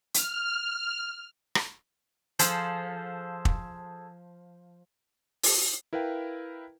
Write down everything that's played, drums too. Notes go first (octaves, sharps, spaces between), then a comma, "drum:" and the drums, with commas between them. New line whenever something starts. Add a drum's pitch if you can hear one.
F6, drum: hi-hat
drum: rim click
F3 G#4 A4 C5, drum: hi-hat
drum: kick
drum: open hi-hat
E4 A#4 B4 F5 G5